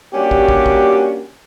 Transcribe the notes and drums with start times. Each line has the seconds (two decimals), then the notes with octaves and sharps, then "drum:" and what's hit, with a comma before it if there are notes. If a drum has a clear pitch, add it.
0.14 G3 A#3 C#4 D4 F#4 G4
0.31 drum: kick
0.49 drum: kick
0.66 drum: kick